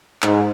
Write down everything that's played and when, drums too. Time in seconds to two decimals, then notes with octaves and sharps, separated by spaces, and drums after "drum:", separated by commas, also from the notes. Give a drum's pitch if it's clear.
0.22 G#2, drum: clap